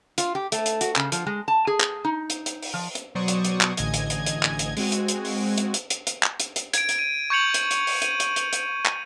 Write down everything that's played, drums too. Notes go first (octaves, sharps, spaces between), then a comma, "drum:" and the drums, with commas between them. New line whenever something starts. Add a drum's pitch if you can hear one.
F4, drum: hi-hat
G4
A3, drum: hi-hat
drum: hi-hat
F#4, drum: hi-hat
C#3, drum: clap
F3, drum: hi-hat
G#3
A5
G#4
drum: clap
D#4
drum: hi-hat
drum: hi-hat
drum: open hi-hat
F3
drum: hi-hat
B2 F#3 C5 D5 C#6 D#6
drum: hi-hat
drum: hi-hat
drum: clap
A1 D3 D#5 G#5 G#6, drum: hi-hat
drum: hi-hat
drum: hi-hat
drum: hi-hat
drum: clap
drum: hi-hat
G#3 C4 F#4 G#5, drum: open hi-hat
drum: hi-hat
drum: hi-hat
drum: open hi-hat
drum: hi-hat
drum: hi-hat
drum: hi-hat
drum: hi-hat
drum: clap
drum: hi-hat
drum: hi-hat
G#6 D7, drum: hi-hat
drum: hi-hat
D#7
C#6 G6 G#6 C#7 F7 F#7
drum: hi-hat
drum: hi-hat
drum: open hi-hat
D#7, drum: hi-hat
drum: hi-hat
drum: hi-hat
drum: hi-hat
drum: clap